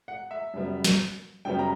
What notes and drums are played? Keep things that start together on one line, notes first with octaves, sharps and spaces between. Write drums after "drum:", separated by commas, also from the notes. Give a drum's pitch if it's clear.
F#5
E5
F#2 C#3 G3 B3
drum: snare
F#2 C#3 G3 B3 G5
A#5